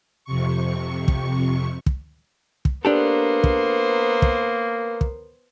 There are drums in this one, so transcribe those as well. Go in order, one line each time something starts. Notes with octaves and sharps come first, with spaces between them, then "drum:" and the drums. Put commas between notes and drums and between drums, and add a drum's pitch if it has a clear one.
F2 C3 C#6
drum: kick
drum: kick
drum: kick
A#3 B3 D4 G4 A4 A#4 C5
drum: kick
drum: kick
drum: kick